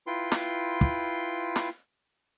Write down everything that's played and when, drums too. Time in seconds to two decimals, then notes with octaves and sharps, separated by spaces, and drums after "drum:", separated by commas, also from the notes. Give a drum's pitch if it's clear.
0.07 E4 F4 B4 G5 C6
0.32 drum: snare
0.81 drum: kick
1.56 drum: snare